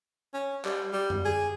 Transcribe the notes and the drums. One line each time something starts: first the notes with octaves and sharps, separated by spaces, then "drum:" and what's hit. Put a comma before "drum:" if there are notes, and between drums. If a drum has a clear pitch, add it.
C#4
G3, drum: clap
G3
drum: tom F#2
G#4